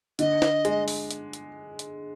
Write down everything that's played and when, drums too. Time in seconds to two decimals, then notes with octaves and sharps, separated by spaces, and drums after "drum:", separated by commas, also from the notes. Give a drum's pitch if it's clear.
0.19 D3 D#5, drum: hi-hat
0.42 drum: snare
0.65 G#3, drum: hi-hat
0.88 drum: open hi-hat
1.11 drum: hi-hat
1.33 drum: hi-hat
1.79 drum: hi-hat